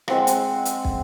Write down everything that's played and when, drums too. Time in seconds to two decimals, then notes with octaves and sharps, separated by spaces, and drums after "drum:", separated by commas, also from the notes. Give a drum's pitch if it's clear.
0.08 G#3 C4 F#5, drum: rim click
0.27 drum: hi-hat
0.65 drum: hi-hat
0.85 drum: kick